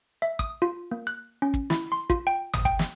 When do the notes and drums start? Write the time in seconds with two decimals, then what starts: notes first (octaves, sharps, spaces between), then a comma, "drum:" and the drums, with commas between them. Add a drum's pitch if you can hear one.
0.22 E5
0.39 D#6, drum: kick
0.62 F4
0.91 A#3
1.07 F#6
1.42 C#4
1.54 drum: kick
1.70 E4, drum: snare
1.92 C6
2.10 F4, drum: kick
2.27 G5
2.54 D#6, drum: tom G#1
2.65 G5, drum: kick
2.79 drum: snare